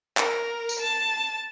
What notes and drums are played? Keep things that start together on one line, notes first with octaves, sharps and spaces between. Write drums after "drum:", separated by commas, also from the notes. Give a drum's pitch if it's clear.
A#4, drum: clap
drum: tambourine
A5